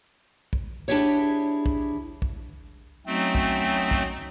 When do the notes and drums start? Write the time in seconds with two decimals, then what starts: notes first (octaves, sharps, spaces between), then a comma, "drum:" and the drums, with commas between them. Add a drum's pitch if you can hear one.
0.53 drum: kick
0.88 D4 E4 G4 G#4 C#5
1.66 drum: kick
2.22 drum: kick
3.07 F#3 A3 C4 C#4 D#4
3.35 drum: kick
3.91 drum: kick